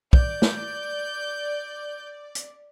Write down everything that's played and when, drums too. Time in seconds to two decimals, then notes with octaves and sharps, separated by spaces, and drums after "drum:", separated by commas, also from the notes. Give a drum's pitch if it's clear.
0.13 D5 G6, drum: kick
0.42 drum: snare
2.35 drum: hi-hat